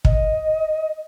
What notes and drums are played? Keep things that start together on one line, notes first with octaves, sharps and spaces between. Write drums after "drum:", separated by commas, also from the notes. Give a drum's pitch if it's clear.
D#5, drum: kick